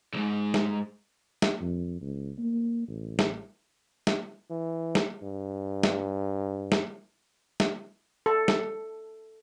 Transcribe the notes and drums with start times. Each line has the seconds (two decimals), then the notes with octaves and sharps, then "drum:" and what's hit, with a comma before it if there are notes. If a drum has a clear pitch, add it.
0.13 B1 G#2
0.54 drum: snare
1.42 drum: snare
1.61 F2
2.01 C#2
2.38 A#3
2.88 A1
3.19 drum: snare
4.07 drum: snare
4.50 E3
4.95 drum: snare
5.23 G2
5.83 drum: snare
6.72 drum: snare
7.60 drum: snare
8.26 A4
8.48 drum: snare